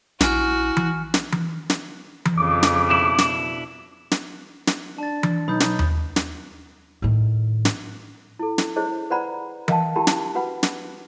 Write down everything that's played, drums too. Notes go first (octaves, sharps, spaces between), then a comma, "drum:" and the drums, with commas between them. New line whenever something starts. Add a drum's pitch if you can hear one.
A#1 E4 F#4 G#5 F6, drum: snare
drum: tom E3
drum: snare
drum: tom E3
drum: snare
drum: tom E3
F2 C#3 D6
drum: snare
B2 D4 E4
drum: snare
drum: snare
drum: snare
D4 A5 A6
drum: tom E3
B1 D#4 B5 D#6 G6
drum: snare
drum: tom D#2
drum: snare
A2 D#3
drum: snare
E4 A4
drum: snare
E4 G#4 C5 C#5 D#5
B4 C5 D5 F#5 A#5 B5
A#4 D#5 F5 G5 A5, drum: tom E3
E4 G4 A#4 G5 A5 B5
drum: snare
F#4 B4 F#5 B5
drum: snare